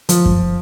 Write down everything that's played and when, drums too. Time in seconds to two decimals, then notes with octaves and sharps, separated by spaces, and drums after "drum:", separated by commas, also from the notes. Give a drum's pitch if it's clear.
0.09 F3, drum: hi-hat
0.26 drum: kick F#2